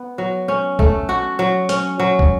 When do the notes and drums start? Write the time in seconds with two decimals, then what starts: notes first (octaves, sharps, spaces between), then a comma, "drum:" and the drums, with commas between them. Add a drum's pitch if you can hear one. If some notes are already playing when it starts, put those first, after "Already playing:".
Already playing: B3
0.18 F#3
0.48 C#4
0.79 A3, drum: kick
1.09 F#4
1.39 F#3
1.69 C#4, drum: hi-hat
1.99 F#3
2.19 drum: kick